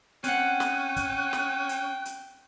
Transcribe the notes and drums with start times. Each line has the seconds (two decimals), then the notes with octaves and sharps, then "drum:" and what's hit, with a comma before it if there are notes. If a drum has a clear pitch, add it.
0.24 C4 C#4 F#5 G5 F#6, drum: hi-hat
0.60 drum: snare
0.96 drum: kick, hi-hat
1.33 drum: snare
1.69 drum: hi-hat
2.05 drum: hi-hat